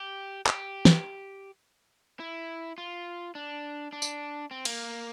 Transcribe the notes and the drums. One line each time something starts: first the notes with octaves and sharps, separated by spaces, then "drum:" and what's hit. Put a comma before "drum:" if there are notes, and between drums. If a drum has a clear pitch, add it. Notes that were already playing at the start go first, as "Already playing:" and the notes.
Already playing: G4
G4, drum: clap
drum: snare
E4
F4
D4
D4
drum: tambourine
C4
A#3, drum: cymbal